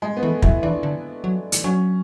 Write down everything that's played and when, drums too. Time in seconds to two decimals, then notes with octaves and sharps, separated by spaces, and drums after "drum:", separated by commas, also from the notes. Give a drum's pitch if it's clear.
0.02 G#3
0.17 B3
0.23 E3 A3
0.42 F#3 E4, drum: kick
0.63 E3 D4
0.83 D3
1.24 F#3
1.52 drum: hi-hat
1.64 F#3 C#4